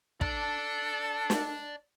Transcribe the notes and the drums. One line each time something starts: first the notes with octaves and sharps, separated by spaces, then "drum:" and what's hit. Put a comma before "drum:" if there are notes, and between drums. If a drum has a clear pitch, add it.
A4 D5 A5, drum: kick
drum: snare